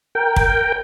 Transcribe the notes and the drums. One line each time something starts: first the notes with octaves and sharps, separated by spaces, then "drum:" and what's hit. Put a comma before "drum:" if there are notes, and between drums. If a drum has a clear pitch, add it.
A#4 G5
drum: kick